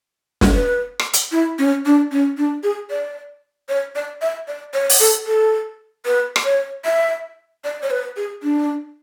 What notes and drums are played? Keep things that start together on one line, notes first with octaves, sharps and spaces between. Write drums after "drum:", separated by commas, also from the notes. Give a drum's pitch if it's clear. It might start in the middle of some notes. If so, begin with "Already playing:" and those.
drum: snare
B4
drum: rim click
drum: hi-hat
E4
C#4
D4
C#4
D4
G#4
D5
C#5
D5
E5
D5
C#5
drum: open hi-hat
A4
A4
B4
drum: rim click
C#5
E5
D5
C#5
B4
G#4
D4